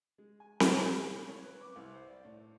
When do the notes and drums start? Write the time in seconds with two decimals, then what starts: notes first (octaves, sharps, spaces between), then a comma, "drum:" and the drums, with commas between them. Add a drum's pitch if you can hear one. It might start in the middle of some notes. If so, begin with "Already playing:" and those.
0.18 G#3
0.40 G#5
0.60 F#5, drum: snare C4
0.82 F#4
1.07 B2
1.28 C#5
1.43 B4
1.61 D6
1.76 C2
1.94 C5
2.08 D5
2.25 A2